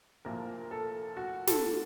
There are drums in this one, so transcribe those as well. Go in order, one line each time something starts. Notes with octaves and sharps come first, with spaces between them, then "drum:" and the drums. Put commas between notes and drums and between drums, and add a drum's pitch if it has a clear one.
C2 A#2 F3 A#3 F4 A#4
A4
F#4
A4, drum: snare